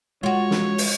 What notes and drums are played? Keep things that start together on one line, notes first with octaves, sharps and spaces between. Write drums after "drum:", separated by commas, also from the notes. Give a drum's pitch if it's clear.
G#3 F4 F#4 C#5
drum: snare
drum: open hi-hat